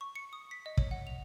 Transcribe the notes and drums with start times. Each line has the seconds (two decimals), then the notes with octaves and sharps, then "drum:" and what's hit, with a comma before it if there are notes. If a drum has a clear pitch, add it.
0.01 C#6
0.16 C#7
0.33 D#6
0.51 B6
0.66 D#5
0.77 C#5, drum: kick
0.91 F#5
1.07 F7